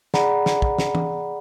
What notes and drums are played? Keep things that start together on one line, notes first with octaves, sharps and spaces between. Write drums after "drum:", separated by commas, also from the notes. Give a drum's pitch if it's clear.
G#4 D5 F#5 A#5 B5, drum: snare
drum: snare
drum: kick
drum: snare
drum: tom E3